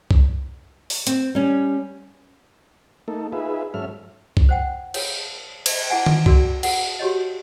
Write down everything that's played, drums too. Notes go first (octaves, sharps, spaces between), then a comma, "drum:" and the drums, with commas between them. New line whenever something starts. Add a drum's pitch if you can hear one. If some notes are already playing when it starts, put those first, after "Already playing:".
drum: kick
drum: open hi-hat
C4, drum: hi-hat
G3 C#4
A3 A#3 D#4 A4
D#4 F4 G#4 B4 E5
G#2 F#3 C#4 A4 E5 F6
drum: kick
C5 F#5 G5
C#5, drum: cymbal
drum: cymbal
E4 G#4 F5 F#5 G#5
drum: tom D#3
F#4 G#4 A#4 D5, drum: kick
F#5, drum: cymbal
F#4 G4 C#5 D#5